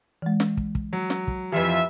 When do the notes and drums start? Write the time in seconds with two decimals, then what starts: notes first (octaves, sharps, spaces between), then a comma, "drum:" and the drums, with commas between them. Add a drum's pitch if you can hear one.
0.22 E3 G#3
0.40 drum: snare
0.57 drum: kick
0.75 drum: kick
0.93 F#3
1.10 drum: snare
1.28 drum: kick
1.52 F2 E3 F4 G4 B4 E5